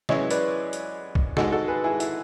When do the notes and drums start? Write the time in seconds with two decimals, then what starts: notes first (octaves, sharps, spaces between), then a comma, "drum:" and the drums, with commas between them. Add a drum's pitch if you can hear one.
0.09 F#2 E3 G#3 C#5 E5, drum: snare
0.31 B4 D5, drum: hi-hat
0.73 drum: hi-hat
1.15 drum: kick
1.37 G#2 G#3 F#4 A4, drum: snare
1.52 F#4 A4
1.68 G#4 B4
1.84 E4 G#4
2.00 E4, drum: hi-hat